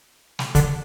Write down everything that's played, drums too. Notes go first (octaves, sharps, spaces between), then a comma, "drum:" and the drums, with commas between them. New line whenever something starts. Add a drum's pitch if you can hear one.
drum: snare
D3, drum: kick, hi-hat